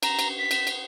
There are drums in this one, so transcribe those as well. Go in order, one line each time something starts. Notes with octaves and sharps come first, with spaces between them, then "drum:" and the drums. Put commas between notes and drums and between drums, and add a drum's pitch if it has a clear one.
A#5, drum: cymbal
drum: cymbal
B6
drum: cymbal
drum: cymbal